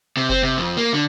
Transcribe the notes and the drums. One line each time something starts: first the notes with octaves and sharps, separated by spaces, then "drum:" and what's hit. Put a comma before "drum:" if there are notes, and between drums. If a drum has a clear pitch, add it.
C3
C4, drum: kick F#1
C3
F2
A#3
D3